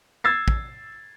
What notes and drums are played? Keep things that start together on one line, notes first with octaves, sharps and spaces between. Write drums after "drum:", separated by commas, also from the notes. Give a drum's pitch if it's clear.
E6 G#6 A6 C7
drum: kick